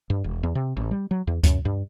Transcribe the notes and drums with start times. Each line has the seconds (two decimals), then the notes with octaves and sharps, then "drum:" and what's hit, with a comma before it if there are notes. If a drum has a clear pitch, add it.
0.10 G2
0.24 E1
0.43 E2
0.55 C3
0.77 A1
0.91 G3
1.11 F#3
1.27 E2
1.44 F#2, drum: kick D2, hi-hat
1.65 G2